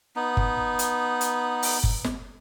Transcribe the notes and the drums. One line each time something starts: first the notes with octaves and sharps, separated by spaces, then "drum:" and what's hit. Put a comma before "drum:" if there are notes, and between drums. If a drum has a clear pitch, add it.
B3 D#4
drum: kick G1
drum: hi-hat
drum: hi-hat
drum: open hi-hat
drum: kick G1
drum: snare